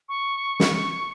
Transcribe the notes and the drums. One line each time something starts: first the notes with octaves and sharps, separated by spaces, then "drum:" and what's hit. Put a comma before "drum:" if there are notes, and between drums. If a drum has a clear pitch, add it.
C#6
drum: snare